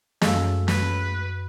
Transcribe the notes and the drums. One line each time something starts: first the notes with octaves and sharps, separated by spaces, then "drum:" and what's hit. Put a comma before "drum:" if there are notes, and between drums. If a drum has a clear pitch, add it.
F#2 G#3 A3 F5 E6, drum: snare
B4, drum: snare